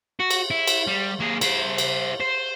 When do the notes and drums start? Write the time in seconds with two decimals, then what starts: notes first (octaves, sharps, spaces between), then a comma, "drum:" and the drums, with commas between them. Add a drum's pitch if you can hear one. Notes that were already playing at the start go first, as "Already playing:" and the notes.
0.20 F#4
0.31 drum: cymbal
0.51 E4
0.67 drum: cymbal
0.87 G3
1.20 A#3 G#4
1.41 E4 C5, drum: cymbal
1.78 drum: cymbal
2.21 C5